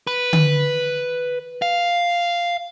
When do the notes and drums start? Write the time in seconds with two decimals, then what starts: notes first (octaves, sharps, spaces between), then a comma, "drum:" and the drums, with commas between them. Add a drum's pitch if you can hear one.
0.07 B4
0.33 drum: tom D3
1.62 F5